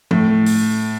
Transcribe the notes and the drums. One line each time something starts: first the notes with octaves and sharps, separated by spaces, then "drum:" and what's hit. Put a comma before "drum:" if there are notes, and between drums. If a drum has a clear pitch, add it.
A2, drum: tom F3
drum: open hi-hat